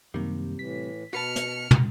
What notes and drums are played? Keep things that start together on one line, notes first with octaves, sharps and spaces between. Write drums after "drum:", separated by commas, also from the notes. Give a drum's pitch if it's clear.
F#2 C3 D#3 G3 A#3
A2 E3 B6
B2 F#4 B4 A5 F6 C#7
drum: hi-hat
drum: tom